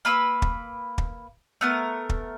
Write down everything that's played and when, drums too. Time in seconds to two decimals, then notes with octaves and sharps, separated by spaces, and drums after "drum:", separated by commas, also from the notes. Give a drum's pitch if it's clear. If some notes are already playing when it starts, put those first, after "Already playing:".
0.05 A#3 B4 B5 E6
0.42 drum: kick
0.98 drum: kick
1.61 A3 B3 A#4
2.09 drum: kick